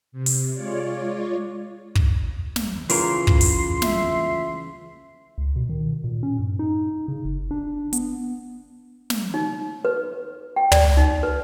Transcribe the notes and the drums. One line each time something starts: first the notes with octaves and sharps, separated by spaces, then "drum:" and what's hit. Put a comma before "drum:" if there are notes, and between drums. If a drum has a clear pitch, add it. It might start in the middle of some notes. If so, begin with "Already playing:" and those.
C3
drum: open hi-hat
G#3 F4 C#5 D5
drum: kick
drum: snare
C#3 E3 F4 A#4 C6, drum: open hi-hat
drum: kick
drum: open hi-hat
E5, drum: snare
C#2
B2
D#3
A#2
C#4
G2
D#4
C#3
F#1
D4
B3, drum: hi-hat
drum: snare
D#4
B4
G5
D5, drum: tom
D#4
B4